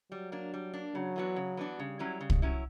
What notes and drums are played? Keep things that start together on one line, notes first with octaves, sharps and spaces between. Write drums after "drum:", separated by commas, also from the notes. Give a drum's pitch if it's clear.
F#3 G3
A#3 D4
G3
A#3 D4
C#3 F#3
E3 B3 D4 F#4
C#3
E3 B3 D4 F#4
C#3 G3
F#3 C#4 E4
C#3
drum: kick
F#3 C#4 E4